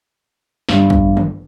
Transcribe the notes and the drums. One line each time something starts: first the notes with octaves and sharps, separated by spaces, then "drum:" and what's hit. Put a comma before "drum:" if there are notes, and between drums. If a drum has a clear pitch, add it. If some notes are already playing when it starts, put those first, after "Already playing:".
G1 G2 G3, drum: snare
drum: kick
drum: tom